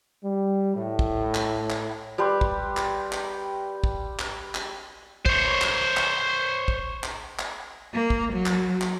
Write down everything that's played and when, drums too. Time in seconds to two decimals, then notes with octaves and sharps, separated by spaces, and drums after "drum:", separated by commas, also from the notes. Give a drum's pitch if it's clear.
0.24 G3
0.76 A2
0.99 drum: kick
1.35 drum: clap
1.70 drum: clap
2.18 G3 G4 B4 C6
2.41 drum: kick
2.77 drum: clap
3.12 drum: clap
3.84 drum: kick
4.19 drum: clap
4.55 drum: clap
5.26 C5 C#5, drum: kick
5.61 drum: clap
5.97 drum: clap
6.68 drum: kick
7.04 drum: clap
7.39 drum: clap
7.94 A#3
8.10 drum: kick
8.32 F#3
8.46 drum: clap
8.81 drum: clap